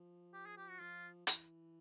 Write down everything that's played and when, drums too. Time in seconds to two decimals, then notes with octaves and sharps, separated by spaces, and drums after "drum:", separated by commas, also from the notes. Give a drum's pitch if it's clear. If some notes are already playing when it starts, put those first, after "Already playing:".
Already playing: F3
0.33 G4
0.46 G#4
0.57 G4
0.69 F#4
0.80 F3 F4
1.27 E3, drum: hi-hat